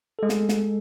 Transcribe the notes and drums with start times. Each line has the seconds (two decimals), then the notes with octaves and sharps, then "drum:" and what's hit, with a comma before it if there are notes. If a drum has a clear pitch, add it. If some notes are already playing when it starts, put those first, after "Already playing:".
0.19 G#3 A4
0.29 drum: snare
0.49 drum: snare